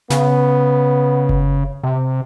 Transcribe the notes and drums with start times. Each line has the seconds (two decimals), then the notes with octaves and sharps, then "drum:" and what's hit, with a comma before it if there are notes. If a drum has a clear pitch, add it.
0.10 C#3 B3, drum: snare
1.29 drum: kick F#1
1.83 C3